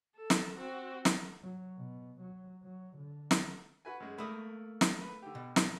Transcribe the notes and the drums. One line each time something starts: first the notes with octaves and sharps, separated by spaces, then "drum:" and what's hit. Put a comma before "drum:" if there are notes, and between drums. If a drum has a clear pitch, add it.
A4
drum: snare
C4 F#4
drum: snare
F#3
B2
F#3
F#3
D3
drum: snare
F#4 B4 G#5
F#2 G#3
A3 A#3 B5 D#6
drum: snare
B4
D3 G4
B2
drum: snare